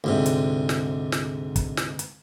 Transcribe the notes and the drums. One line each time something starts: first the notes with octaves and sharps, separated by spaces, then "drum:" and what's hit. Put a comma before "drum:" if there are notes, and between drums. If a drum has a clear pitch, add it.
D2 G#2 C3
drum: hi-hat
drum: snare
drum: snare
drum: kick, hi-hat
drum: snare
drum: hi-hat